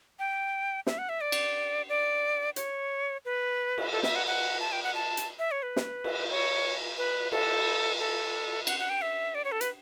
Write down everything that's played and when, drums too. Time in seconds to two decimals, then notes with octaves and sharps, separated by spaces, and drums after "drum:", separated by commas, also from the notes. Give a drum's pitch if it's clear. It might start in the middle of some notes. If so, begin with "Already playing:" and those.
0.19 G5
0.87 E5, drum: snare
0.98 F#5
1.09 E5
1.21 D5
1.32 drum: cymbal
1.89 D5
2.56 C#5, drum: hi-hat
3.25 B4
3.78 drum: cymbal
3.92 A4
4.03 E5, drum: snare
4.16 F#5
4.27 F#5
4.60 A5
4.72 G5
4.83 F#5
4.95 A5
5.17 drum: hi-hat
5.39 E5
5.51 C#5
5.63 B4
5.76 drum: snare
6.04 drum: cymbal
6.31 C#5
6.98 B4
7.32 A4, drum: cymbal
7.99 A4
8.67 F#5, drum: cymbal
8.79 F#5
8.90 G5
9.02 E5
9.35 D5
9.44 C#5
9.52 A4
9.61 B4, drum: hi-hat